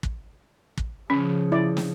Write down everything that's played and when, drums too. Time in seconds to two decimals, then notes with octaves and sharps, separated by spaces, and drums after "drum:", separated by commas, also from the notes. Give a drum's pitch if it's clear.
0.03 drum: kick
0.78 drum: kick
1.10 C#3 F3 C#4
1.52 E4 D5
1.77 drum: snare